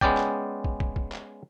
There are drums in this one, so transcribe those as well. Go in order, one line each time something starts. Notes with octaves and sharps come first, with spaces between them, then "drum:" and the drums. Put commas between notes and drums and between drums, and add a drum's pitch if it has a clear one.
G#3 B3 C#4 D5 G5, drum: kick
drum: clap
drum: kick
drum: kick
drum: kick
drum: clap